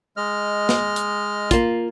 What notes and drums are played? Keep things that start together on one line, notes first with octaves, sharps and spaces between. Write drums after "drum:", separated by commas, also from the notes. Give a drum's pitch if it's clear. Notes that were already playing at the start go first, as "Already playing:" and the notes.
G#3 D#5 F6
drum: snare
drum: hi-hat
A#3 F4, drum: kick, hi-hat